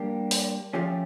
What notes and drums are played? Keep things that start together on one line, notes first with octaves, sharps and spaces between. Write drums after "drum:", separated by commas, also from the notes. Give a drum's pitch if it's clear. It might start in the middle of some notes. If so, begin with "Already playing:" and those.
Already playing: G3 A#3 D4 G4
drum: open hi-hat
F3 A3 C#4 G4